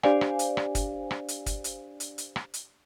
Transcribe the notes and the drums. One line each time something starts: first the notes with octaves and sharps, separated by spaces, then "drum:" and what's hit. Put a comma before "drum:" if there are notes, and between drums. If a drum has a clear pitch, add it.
D4 G4 C5 D5 F5 G#5, drum: rim click
drum: rim click
drum: hi-hat
drum: rim click
drum: kick, hi-hat
drum: rim click
drum: hi-hat
drum: kick, hi-hat
drum: hi-hat
drum: hi-hat
drum: hi-hat
drum: rim click
drum: hi-hat